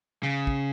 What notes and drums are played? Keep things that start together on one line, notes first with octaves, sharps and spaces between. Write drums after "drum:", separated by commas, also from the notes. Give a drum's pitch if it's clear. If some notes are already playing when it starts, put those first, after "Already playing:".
C#3
drum: kick